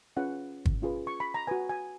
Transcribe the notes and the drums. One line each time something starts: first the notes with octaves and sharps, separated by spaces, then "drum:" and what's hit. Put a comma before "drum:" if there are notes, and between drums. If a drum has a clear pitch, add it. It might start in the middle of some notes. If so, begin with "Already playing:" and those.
C#4 F4 G#4 B4 F#5
drum: kick
C#4 F4 G#4 B4
C#6
B5
A#5
F#4 B4 G#5
G#5